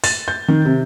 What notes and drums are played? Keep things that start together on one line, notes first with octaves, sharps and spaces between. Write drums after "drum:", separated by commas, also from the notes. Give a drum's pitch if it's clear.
A6, drum: open hi-hat
G6
D#3
C3